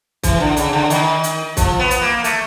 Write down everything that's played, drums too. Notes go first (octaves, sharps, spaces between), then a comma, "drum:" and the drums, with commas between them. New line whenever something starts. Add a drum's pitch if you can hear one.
E3, drum: kick, hi-hat
D3
C#3, drum: hi-hat
D3
D#3, drum: hi-hat
drum: hi-hat
F3, drum: kick, hi-hat
B3
drum: hi-hat
A#3
A3, drum: hi-hat